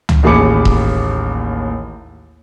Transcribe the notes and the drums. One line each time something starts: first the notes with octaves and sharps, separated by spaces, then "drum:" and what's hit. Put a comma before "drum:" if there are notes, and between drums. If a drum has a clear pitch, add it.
drum: tom
A1 D#2 G#4 B5 D6 C#7
drum: kick E1